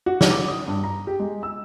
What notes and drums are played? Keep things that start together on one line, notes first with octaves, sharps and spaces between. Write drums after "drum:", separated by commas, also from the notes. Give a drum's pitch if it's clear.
F#4
drum: snare
D6
D#6
G2
A#5
G4
G#3
E6